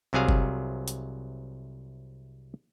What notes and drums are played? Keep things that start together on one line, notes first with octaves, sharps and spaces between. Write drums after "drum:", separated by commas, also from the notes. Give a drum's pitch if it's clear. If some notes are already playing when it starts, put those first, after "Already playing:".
C2 C3 F#3 G#4 F5
drum: kick F#1
drum: hi-hat